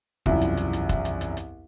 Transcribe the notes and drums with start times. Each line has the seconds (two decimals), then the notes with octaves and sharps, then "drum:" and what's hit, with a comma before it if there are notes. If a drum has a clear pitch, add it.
0.26 E1 C2 F#2 F3 E4, drum: kick
0.42 drum: hi-hat
0.57 drum: hi-hat
0.73 drum: hi-hat
0.89 drum: kick, hi-hat
1.05 drum: hi-hat
1.21 drum: hi-hat
1.37 drum: hi-hat